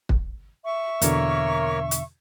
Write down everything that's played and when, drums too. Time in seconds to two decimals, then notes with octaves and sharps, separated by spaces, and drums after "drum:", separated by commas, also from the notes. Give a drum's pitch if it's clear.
0.09 drum: kick
0.64 E5 C#6
1.02 E2 B2 D3 A#3 A#4 C#5, drum: hi-hat
1.91 drum: hi-hat